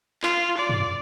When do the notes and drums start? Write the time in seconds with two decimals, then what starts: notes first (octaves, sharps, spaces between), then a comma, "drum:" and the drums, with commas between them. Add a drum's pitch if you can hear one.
0.23 F4, drum: clap
0.57 D5
0.69 drum: tom